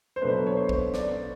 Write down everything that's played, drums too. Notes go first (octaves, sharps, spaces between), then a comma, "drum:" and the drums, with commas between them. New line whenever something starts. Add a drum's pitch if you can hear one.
C5
B2 F#3 A3 D4 B4
C#5
C5
drum: kick
D5, drum: snare